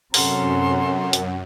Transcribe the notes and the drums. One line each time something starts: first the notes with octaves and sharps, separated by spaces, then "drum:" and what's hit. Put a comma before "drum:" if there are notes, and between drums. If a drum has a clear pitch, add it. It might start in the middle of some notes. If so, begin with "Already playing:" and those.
F#2 C3 C#4 A4 F#5 A#5 C6, drum: open hi-hat
drum: hi-hat